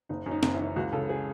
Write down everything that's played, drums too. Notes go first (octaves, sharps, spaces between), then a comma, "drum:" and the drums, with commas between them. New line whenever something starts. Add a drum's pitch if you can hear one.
F#1 D#4
F#2
D#4
F#1, drum: snare
E4
E3
C#2 F#4
C#3 A4
G#4